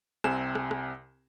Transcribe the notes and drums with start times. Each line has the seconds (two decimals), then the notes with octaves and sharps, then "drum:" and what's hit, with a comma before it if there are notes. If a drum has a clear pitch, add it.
0.24 C2 C3 C4 G#5 E7, drum: rim click
0.55 drum: rim click
0.71 drum: rim click